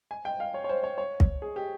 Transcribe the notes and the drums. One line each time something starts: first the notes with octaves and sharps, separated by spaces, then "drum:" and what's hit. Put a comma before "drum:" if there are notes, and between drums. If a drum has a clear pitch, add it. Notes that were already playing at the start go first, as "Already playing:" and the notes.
G#5
G5
F5
C#5
C#5
C5
C#5
C#5
drum: kick
G#4
G4